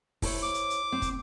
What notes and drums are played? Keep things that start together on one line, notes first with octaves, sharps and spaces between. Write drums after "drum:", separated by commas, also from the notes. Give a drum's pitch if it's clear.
E4 C5 C#5, drum: kick, open hi-hat
D6
drum: hi-hat
drum: hi-hat
C4
drum: kick, hi-hat